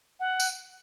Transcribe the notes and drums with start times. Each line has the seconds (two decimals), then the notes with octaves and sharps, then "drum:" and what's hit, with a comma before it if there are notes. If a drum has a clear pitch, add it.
0.20 F#5
0.40 drum: tambourine